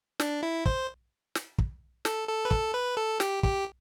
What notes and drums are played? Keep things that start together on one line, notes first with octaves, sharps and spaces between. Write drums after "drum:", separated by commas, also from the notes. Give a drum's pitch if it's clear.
D4, drum: snare
E4
C5, drum: kick
drum: snare
drum: kick
A4, drum: snare
A4
B4
A4, drum: kick
B4
A4
G4, drum: snare
G4, drum: kick